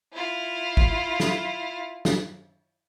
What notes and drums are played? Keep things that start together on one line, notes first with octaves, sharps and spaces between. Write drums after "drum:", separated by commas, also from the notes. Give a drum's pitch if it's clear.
E4 F4
drum: kick
drum: snare
drum: snare